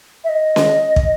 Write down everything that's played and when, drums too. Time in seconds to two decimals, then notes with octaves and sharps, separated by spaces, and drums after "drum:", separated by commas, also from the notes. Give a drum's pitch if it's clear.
0.24 E5
0.29 D#5
0.56 drum: snare C#4
0.96 drum: kick